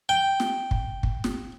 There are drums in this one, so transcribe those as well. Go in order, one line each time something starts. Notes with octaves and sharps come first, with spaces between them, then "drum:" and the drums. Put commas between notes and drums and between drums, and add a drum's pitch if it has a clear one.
G5
drum: snare
drum: kick
drum: kick
drum: snare